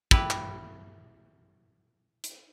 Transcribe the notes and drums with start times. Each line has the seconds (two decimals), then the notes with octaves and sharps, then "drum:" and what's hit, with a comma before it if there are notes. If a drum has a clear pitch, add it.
0.11 E4 G4 B4 E5, drum: kick
0.30 drum: clap
2.24 drum: hi-hat